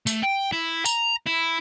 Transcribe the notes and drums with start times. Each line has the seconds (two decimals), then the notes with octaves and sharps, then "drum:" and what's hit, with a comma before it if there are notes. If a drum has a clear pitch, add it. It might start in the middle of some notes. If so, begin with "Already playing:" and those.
0.07 A3, drum: tambourine
0.23 G5
0.52 E4
0.85 A#5, drum: tambourine
1.26 E4